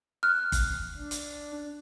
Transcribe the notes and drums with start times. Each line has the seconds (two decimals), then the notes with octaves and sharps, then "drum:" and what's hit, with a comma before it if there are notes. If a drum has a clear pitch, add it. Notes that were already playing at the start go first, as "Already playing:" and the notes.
0.23 F6 F#6
0.52 drum: kick G1, hi-hat
0.97 D4
1.11 drum: hi-hat